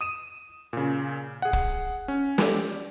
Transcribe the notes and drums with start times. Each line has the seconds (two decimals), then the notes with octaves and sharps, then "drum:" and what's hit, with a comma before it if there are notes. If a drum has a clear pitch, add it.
0.01 D#6 D#7 E7
0.73 A#2 C#3
1.42 G#4 F#5
1.53 drum: kick
2.08 C#4
2.38 G4 D5, drum: snare